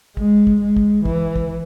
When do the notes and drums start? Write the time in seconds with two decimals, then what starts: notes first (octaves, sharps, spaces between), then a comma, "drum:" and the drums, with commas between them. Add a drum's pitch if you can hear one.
0.17 G#3, drum: kick
0.47 drum: kick
0.61 G#3
0.77 drum: kick
1.05 E3, drum: kick
1.36 drum: kick